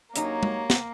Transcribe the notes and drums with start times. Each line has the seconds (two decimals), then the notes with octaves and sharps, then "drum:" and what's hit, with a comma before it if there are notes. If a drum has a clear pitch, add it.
0.16 F#2 A#3 D#4 F#4 G4 C#5, drum: hi-hat
0.43 drum: tom G#3
0.70 drum: snare